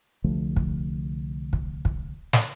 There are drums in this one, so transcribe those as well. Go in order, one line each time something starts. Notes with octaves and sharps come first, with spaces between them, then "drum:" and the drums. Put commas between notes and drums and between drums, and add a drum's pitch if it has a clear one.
C2 D3 F3 A3
drum: kick
drum: kick
drum: kick
drum: snare